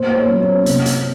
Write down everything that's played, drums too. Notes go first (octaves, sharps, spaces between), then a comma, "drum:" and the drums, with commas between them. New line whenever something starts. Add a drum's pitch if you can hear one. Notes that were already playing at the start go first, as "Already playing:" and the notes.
Already playing: A#2 C5
C5
C#5
F#3 C#4
C#5
C3, drum: hi-hat
drum: hi-hat